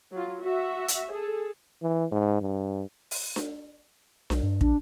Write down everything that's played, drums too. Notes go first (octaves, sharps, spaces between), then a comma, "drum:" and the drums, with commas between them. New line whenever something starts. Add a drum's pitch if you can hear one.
F#3 F4
F#4 E5
drum: hi-hat
G#4 A4
E3
G#2
G2
drum: open hi-hat
drum: snare D4
B1, drum: snare D4
G2
A#1 D4, drum: kick